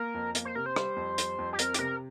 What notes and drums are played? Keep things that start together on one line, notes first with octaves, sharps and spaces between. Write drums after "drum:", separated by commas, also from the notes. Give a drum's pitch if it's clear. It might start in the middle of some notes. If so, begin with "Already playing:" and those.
Already playing: A#3 A#4
F2
A#3, drum: hi-hat
C5
C3 A#4
C5
G3, drum: rim click
F2
G3, drum: hi-hat
F2
G4
C4 A#4, drum: hi-hat
G4, drum: hi-hat
C3 A#4